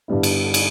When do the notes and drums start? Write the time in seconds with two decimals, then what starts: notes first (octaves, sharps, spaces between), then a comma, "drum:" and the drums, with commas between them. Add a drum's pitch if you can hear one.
0.08 G2 D3 G3 B3 E4
0.23 drum: cymbal
0.54 drum: cymbal